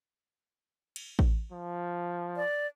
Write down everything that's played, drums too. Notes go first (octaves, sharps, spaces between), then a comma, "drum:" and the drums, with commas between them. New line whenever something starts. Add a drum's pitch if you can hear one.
drum: cymbal
drum: kick A1
F3
D5